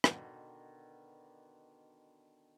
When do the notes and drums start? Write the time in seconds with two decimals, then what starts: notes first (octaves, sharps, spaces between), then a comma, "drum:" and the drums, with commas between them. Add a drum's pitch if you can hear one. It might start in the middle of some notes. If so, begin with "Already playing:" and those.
0.04 B2 D3 D#3, drum: rim click